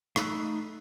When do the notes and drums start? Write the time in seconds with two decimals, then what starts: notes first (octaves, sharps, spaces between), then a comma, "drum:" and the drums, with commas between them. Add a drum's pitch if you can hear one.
0.16 A3 D#4 B5 E6 F#6, drum: rim click